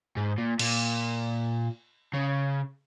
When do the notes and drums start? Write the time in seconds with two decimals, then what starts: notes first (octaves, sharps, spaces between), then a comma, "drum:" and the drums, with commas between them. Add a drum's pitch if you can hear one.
0.16 G#2
0.38 A#2
0.59 A#2, drum: cymbal
2.14 C#3